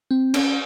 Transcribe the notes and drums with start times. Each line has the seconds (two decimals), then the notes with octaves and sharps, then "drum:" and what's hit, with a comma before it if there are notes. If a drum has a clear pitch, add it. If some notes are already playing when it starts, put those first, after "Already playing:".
0.11 C4
0.34 C#4, drum: cymbal